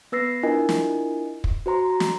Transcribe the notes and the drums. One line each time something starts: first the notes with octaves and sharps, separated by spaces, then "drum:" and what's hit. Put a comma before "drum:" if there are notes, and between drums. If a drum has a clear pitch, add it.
B3 B4 E6 A6 A#6 C7
D4 E4 F4 A#4 D#5 G#5
drum: snare
drum: kick
F#4 C5 A#5 C6
A#5
drum: snare